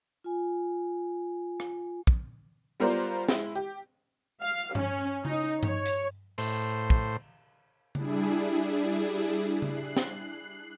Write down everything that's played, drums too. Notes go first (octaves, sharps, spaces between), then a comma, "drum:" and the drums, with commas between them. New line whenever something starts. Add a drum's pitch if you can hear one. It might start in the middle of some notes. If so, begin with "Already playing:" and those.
F4 G#5
drum: rim click
drum: kick
G3 B3 F4 A#4 C5 D5
G#3 E4, drum: snare
G4
F5
C#4, drum: tom G2
D#4, drum: tom C#3
C#5, drum: tom G2
drum: hi-hat
A2 C5, drum: cymbal
drum: kick
G3 D4 E4 G#4, drum: tom C#3
drum: open hi-hat
F#6 C7, drum: tom C#3
drum: snare